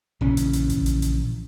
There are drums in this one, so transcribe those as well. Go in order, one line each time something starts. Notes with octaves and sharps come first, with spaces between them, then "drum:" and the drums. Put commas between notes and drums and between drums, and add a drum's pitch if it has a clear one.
A#1 C#3 E3 C#4
drum: hi-hat
drum: hi-hat
drum: kick G#1, hi-hat
drum: hi-hat
drum: hi-hat